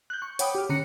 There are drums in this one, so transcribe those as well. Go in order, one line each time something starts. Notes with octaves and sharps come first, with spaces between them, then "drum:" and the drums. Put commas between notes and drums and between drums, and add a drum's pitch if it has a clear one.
F#6 G6
C#6
C#5 F#5 G5 B5 D6 D#6, drum: hi-hat
G4 F6
D3 C#4 A#5 F#6 C#7